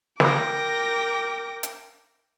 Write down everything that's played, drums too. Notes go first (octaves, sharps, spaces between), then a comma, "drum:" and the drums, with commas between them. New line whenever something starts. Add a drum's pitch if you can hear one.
A#4 G5 D6 A#6, drum: snare
drum: hi-hat